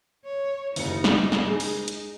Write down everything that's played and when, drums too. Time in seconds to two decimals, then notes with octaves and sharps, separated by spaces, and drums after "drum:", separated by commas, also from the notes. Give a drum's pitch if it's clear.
0.25 C#5
0.76 F#1 D#2 D#4 E4 C#7, drum: open hi-hat
1.04 drum: snare
1.32 drum: snare
1.46 G#3 G#4
1.60 drum: open hi-hat
1.88 drum: hi-hat